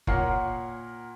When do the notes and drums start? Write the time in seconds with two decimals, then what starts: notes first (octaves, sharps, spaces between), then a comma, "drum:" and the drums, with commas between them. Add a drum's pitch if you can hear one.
0.07 A#2 A#4 C#5 F#5 C7, drum: kick F#1